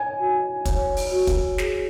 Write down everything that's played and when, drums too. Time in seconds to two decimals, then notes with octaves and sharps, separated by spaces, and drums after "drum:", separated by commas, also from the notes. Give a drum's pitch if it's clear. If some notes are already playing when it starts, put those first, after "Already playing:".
Already playing: C#5 G#5
0.20 F#4
0.65 C#5, drum: kick, hi-hat
0.97 drum: open hi-hat
1.11 F#4
1.27 drum: kick, hi-hat
1.58 G#4, drum: snare